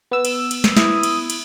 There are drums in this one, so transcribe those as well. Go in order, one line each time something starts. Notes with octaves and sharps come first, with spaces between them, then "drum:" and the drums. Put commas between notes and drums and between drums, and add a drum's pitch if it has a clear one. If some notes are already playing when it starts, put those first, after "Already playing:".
B3 E6
drum: cymbal
drum: cymbal
drum: snare
E4 D#6, drum: snare
drum: cymbal
drum: cymbal